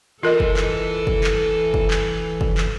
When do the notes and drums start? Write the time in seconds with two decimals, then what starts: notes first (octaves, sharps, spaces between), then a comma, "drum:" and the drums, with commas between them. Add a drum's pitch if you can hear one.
0.23 E3 F4 A4 A#4 D#5
0.40 drum: kick
0.57 drum: clap
1.07 drum: kick
1.24 drum: clap
1.74 drum: kick
1.91 drum: clap
2.41 drum: kick
2.57 drum: clap